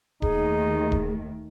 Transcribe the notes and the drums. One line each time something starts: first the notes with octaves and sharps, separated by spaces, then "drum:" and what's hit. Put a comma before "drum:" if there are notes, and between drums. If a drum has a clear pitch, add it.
D#2 D#3 A3 D#4 G#4, drum: kick D1
drum: kick D1